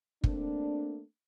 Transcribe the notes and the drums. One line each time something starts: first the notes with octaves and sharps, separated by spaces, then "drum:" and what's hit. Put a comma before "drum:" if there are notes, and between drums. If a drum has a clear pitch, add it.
A3 A#3 C4 D4, drum: kick